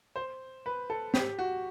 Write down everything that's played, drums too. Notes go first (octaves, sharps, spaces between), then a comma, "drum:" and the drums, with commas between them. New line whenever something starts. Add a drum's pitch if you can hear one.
C5
B4
A4
G4, drum: snare
F#4